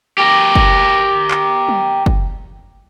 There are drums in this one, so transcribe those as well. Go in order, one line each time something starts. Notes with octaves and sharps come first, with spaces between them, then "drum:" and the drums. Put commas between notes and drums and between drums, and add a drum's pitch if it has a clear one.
G4 A#4
drum: kick
drum: clap
drum: tom
drum: kick